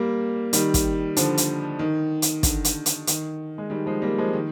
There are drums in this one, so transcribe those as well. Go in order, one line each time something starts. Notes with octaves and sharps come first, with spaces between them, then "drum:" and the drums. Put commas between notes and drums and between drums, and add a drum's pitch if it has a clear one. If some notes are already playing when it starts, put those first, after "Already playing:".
Already playing: G3 A#3
D#3 G3, drum: hi-hat
drum: kick, hi-hat
D3 F3, drum: hi-hat
drum: hi-hat
D#3
drum: hi-hat
D3, drum: kick, hi-hat
drum: hi-hat
drum: hi-hat
D#3, drum: hi-hat
G#3
D#3 G3
F3 G#3
G3 A#3
F3 G#3
D#3